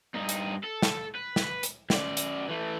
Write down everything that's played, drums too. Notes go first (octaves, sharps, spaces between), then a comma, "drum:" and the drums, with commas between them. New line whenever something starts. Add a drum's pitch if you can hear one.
G2 D#4
drum: hi-hat
A4
drum: snare
B4
drum: snare
drum: hi-hat
F#2 D5, drum: snare
drum: hi-hat
E3 A3